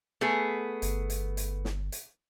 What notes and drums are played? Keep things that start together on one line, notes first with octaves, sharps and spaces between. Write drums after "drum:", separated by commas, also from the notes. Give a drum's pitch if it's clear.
A3 B3 G#4
G1, drum: hi-hat
drum: hi-hat
drum: hi-hat
drum: snare
drum: hi-hat